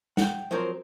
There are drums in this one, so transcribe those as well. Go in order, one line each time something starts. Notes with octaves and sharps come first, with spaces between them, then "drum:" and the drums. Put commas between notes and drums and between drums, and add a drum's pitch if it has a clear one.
F#5 G5, drum: snare
F3 F#3 C4 A#4 C5